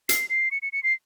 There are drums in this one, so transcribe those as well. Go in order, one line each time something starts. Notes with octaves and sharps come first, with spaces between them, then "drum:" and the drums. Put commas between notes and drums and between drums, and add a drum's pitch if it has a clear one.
C7, drum: hi-hat
C7
C#7
C#7
C#7
C7